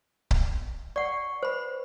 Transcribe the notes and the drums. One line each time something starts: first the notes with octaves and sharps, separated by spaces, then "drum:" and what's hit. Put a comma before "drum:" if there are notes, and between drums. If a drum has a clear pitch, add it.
drum: kick C#1
D5 F#5 C#6
B4 C5 B5